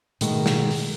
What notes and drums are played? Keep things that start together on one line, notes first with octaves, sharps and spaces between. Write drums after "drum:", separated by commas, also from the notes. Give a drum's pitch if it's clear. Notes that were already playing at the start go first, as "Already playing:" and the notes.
B2 D#3 G#3 A3, drum: hi-hat
drum: snare
drum: open hi-hat